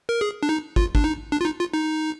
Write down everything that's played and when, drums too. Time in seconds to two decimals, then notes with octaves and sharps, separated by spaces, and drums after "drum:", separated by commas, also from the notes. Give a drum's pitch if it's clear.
0.09 A#4
0.21 G#4
0.43 D4
0.49 D#4
0.76 F4, drum: kick
0.95 D4, drum: kick
1.04 D#4
1.32 D4
1.41 F4
1.45 D#4
1.59 F4
1.74 D#4